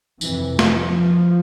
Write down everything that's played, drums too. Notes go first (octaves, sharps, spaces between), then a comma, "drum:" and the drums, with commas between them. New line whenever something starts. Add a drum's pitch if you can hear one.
F2 C3 E3, drum: tambourine
drum: snare A3
F3